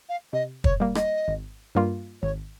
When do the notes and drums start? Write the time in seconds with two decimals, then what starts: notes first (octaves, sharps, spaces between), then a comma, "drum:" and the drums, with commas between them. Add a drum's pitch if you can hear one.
0.09 F5
0.33 C3 D#5
0.64 C#5, drum: kick
0.80 G3 A#3
0.95 D#5, drum: rim click
1.28 G#1
1.75 G2 G3 A#3 F4
2.22 G#1 C#5